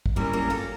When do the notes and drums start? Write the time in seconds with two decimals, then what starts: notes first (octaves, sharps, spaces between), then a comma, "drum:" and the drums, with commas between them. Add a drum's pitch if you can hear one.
0.06 drum: kick
0.16 G3 A#3 C#4 E4 A#4
0.33 G3 A#3
0.50 F4 A4